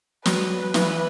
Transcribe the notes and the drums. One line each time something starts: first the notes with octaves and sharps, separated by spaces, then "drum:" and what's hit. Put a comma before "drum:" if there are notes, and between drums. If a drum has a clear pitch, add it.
F#3 B4, drum: snare
F#3
E3 B4, drum: snare